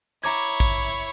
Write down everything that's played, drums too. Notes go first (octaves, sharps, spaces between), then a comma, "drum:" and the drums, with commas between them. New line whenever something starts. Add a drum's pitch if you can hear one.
E4 C#5 A#5 D6 G#6, drum: tambourine
drum: kick A1, tambourine